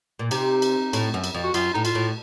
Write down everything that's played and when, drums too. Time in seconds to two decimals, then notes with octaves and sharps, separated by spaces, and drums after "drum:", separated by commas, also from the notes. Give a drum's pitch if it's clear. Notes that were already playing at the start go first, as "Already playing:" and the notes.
0.19 A#2
0.31 C3 D#4, drum: cymbal
0.62 drum: cymbal
0.93 A2, drum: cymbal
1.14 F#2
1.24 drum: cymbal
1.34 F2
1.43 F#4
1.54 F#2 F4, drum: cymbal
1.74 A2 D#4
1.85 F4, drum: cymbal
1.95 A2